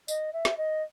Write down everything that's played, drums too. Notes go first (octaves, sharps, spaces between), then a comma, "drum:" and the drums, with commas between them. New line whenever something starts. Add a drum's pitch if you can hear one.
D#5, drum: tambourine
E5
drum: snare
D#5